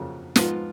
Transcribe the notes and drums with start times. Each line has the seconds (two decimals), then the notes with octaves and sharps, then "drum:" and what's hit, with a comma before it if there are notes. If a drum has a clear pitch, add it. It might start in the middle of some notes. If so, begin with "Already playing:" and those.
Already playing: F2 C#3 F#3 A#3
0.36 G#2 F3 B3 F4, drum: snare